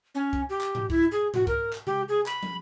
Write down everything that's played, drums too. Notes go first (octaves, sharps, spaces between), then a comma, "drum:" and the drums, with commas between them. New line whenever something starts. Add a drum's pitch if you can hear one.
C#4
drum: kick C2
G4
drum: clap
drum: tom G#2
E4, drum: kick C2
G#4
F#4, drum: tom G#2
A#4, drum: kick C2
drum: clap
G4, drum: tom C3
G#4
B5, drum: clap
drum: tom